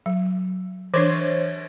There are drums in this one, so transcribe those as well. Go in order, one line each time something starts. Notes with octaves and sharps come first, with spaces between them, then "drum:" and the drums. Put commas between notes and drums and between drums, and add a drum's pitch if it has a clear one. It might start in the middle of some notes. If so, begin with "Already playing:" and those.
F#3
E3 D4 C5 C#5, drum: cymbal